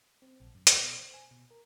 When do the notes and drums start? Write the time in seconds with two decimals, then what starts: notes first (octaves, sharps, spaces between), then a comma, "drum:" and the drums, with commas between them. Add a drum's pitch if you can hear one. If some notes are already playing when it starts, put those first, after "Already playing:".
0.22 C4
0.40 A#1
0.55 F#2
0.67 F2, drum: hi-hat
0.80 B2
0.98 C5
1.14 G#5
1.31 B2
1.51 A#4